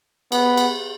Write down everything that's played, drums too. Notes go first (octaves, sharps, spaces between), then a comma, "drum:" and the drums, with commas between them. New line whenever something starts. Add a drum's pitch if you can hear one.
B3, drum: cymbal
drum: cymbal